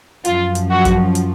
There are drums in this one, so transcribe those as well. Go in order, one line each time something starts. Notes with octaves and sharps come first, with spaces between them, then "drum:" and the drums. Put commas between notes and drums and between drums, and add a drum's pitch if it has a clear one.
F#2 F3 F4, drum: hi-hat
drum: hi-hat
F#4
drum: kick, hi-hat
drum: hi-hat